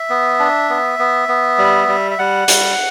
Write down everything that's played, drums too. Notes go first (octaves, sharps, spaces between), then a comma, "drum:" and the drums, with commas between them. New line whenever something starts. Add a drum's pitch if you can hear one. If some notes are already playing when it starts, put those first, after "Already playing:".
Already playing: E5
B3
D4
B3
B3
B3
G3
G3
E5
G3 F#5
G3, drum: hi-hat